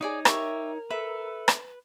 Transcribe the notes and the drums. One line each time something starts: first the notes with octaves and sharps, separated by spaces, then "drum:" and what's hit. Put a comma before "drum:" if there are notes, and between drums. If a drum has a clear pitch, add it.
D#4 G#4 C#5 D5 D#6
G4 A#4 E5 C#6, drum: rim click
A4 B4 E5
drum: rim click